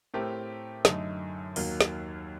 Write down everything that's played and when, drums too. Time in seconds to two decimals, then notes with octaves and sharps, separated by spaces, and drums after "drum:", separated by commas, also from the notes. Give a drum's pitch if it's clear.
0.14 A2 A3 C4 G4 A#4
0.85 F#2 D3 A3 D#4, drum: snare
1.56 D#2 D#3 F#3 A#3, drum: open hi-hat
1.81 drum: snare